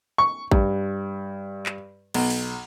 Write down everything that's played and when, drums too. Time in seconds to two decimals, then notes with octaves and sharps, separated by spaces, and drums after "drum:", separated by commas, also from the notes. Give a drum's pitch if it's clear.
0.18 C#6
0.51 G2, drum: kick A1
1.66 drum: clap
2.14 B1, drum: cymbal
2.30 drum: open hi-hat